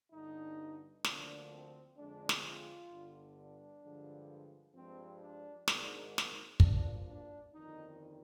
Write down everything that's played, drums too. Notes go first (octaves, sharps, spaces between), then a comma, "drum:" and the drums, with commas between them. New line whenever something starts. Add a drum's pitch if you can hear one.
G1 G2 D3 D#4
D2 D3 F3 A#3 D4, drum: snare
C4
F2 D3 G#3 D4
drum: snare
F4
G1 G2 D3
D4
G2 D3 F3 G#3
G2 F3 G#3 C4
D4
G#1 G#2 D#3 G#3 D4, drum: snare
drum: snare
G#1 G2 F3 A#3 D4, drum: kick
D4
G1 F2 D#3 G3 D#4